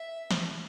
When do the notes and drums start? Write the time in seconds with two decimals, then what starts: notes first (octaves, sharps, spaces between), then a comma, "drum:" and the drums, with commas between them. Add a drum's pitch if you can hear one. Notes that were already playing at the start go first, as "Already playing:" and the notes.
Already playing: E5
0.31 drum: snare